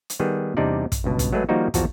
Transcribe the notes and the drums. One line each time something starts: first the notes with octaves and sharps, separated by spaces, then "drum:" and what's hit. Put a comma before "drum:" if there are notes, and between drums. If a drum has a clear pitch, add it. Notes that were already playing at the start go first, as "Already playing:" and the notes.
drum: hi-hat
D#3 G3 B3 G#4
E2 C3 G3 D4 D#4 D5
drum: kick, hi-hat
C#2 G2 B2
drum: kick, hi-hat
F#3 G#3 A3 G#4 B4
D#3 F3 G3 A#3 D#4 F#4
E2 F3 F#4 A#4 A5, drum: kick, hi-hat